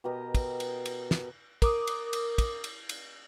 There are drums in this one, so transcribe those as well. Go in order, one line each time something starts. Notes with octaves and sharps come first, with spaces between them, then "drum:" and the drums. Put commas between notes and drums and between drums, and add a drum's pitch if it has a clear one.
B2 G4 A#4 D#5
drum: kick, cymbal
drum: cymbal
drum: cymbal
drum: snare
A#4 D6 D#6, drum: kick, cymbal
drum: cymbal
drum: cymbal
drum: kick, cymbal
drum: cymbal
drum: cymbal